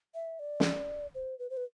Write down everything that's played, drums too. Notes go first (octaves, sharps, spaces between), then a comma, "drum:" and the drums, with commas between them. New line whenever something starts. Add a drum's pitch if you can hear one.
E5
D5
drum: snare
C5
B4
C5
B4